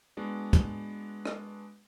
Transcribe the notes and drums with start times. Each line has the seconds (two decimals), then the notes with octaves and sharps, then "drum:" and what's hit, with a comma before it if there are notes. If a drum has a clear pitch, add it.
0.17 G#3 B3 D4 F#4
0.53 drum: kick, hi-hat
1.25 drum: rim click